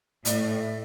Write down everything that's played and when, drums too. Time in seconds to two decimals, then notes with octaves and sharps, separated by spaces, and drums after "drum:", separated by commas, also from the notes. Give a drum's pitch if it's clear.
0.25 A2 D5, drum: hi-hat
0.42 D5
0.60 E5